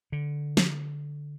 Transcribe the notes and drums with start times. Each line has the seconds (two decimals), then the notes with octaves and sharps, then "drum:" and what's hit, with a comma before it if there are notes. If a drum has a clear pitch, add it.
0.12 D3
0.57 drum: snare